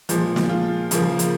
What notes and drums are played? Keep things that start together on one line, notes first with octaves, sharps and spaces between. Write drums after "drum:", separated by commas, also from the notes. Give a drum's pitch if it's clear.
A#2 F3 G#3, drum: hi-hat
drum: snare
F4
C#3 F3 A#3, drum: hi-hat
drum: hi-hat